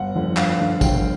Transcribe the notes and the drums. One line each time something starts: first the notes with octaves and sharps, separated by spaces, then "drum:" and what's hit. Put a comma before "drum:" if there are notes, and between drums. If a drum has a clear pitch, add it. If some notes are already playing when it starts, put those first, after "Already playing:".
Already playing: G1 F#5
F2 D3 F3 A3
G1 F5, drum: clap
F2 D3 F3 A3
G1 G5, drum: kick, tambourine